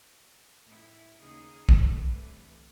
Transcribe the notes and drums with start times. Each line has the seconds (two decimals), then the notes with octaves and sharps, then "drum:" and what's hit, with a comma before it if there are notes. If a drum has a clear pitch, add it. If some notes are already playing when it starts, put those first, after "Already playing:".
0.63 A2 E4
1.18 D#2 C#3 D#4 G#4 A#4 D#5
1.69 D3 E3 G3 A3 C4 B4, drum: kick